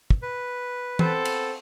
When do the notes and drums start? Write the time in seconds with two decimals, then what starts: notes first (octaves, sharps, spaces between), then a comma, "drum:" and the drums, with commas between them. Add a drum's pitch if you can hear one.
0.10 drum: kick
0.22 B4
0.99 B3 C4 A4, drum: tom E3
1.25 drum: cymbal